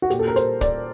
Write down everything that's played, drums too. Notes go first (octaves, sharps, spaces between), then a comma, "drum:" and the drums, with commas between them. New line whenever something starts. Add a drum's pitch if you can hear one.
F#4
A#2 G4, drum: hi-hat
A4
A#4
C5, drum: hi-hat
D5, drum: kick, hi-hat